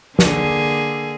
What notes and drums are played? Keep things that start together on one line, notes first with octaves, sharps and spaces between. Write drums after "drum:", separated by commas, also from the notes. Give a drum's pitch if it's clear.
D3 A#3 G#4, drum: snare